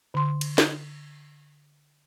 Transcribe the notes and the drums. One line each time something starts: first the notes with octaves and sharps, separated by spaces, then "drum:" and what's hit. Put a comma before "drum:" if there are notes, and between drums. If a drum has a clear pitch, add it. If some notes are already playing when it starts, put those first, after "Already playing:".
D3 C6
drum: cymbal
drum: snare